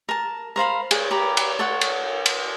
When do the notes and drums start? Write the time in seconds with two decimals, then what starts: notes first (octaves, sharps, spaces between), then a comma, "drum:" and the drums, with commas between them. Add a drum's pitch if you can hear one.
0.09 A#4 A5
0.56 A#4 C5 F5 B5
0.91 G#4, drum: cymbal
1.11 G4 A#5 B5
1.37 drum: cymbal
1.59 A4 C#5 F#5
1.81 drum: cymbal
2.26 drum: cymbal